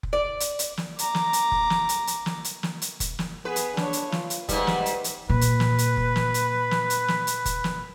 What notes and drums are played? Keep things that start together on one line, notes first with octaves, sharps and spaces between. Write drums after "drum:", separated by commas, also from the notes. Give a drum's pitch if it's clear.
drum: kick F1
D5
drum: hi-hat
drum: hi-hat
drum: snare
A#5 D6, drum: hi-hat
drum: snare
drum: hi-hat
drum: kick F1
drum: snare
drum: hi-hat
drum: hi-hat
drum: snare
drum: hi-hat
drum: snare
drum: hi-hat
drum: kick F1, hi-hat
drum: snare
B3 G#4 B4
drum: hi-hat
D4 C#5, drum: snare
drum: hi-hat
F4, drum: snare
drum: hi-hat
G#2 G3 B4, drum: kick F1, hi-hat
drum: snare
drum: hi-hat
drum: hi-hat
A#2 B4
drum: hi-hat
drum: snare
drum: hi-hat
drum: kick F1
drum: snare
drum: hi-hat
drum: snare
drum: hi-hat
drum: snare
drum: hi-hat
drum: kick F1, hi-hat
drum: snare